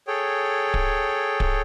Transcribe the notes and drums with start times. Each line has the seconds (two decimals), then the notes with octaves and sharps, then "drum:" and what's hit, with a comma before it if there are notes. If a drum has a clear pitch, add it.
0.07 G#4 A4 C#5 G5
0.74 drum: kick D1
1.40 drum: kick D1